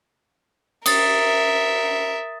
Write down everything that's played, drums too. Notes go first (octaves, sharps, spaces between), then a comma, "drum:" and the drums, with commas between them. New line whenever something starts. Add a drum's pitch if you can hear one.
A#4 E5 D#6 A6, drum: cymbal